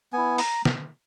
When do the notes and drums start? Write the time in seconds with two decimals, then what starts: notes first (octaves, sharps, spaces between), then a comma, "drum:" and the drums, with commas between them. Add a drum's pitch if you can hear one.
0.13 B3 E4 G#5
0.38 A#5, drum: open hi-hat
0.65 drum: snare